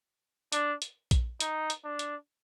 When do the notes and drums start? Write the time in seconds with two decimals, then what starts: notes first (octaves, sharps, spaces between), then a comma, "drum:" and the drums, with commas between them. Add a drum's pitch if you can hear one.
0.52 D4, drum: hi-hat
0.82 drum: hi-hat
1.11 drum: kick A#1, hi-hat
1.40 D#4, drum: hi-hat
1.70 drum: hi-hat
1.84 D4
1.99 drum: hi-hat